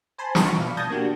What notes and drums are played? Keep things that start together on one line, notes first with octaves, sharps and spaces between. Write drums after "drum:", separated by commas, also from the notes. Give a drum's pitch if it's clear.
C5 G#5 A5 B5 C6
A5 B5 C#6, drum: snare
B2 D5 F5
A5 D#6 G6 G#6 A#6
A#3 D4 F#4 G4